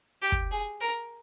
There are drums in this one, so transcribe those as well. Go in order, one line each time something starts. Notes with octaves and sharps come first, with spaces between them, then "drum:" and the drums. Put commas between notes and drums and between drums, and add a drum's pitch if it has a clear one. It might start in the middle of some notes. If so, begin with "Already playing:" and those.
G4
drum: kick
G#4
A#4